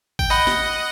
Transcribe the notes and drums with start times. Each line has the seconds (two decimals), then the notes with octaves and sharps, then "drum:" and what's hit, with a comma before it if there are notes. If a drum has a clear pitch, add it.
0.19 G5, drum: kick
0.30 D#5 F#5 B5
0.47 drum: snare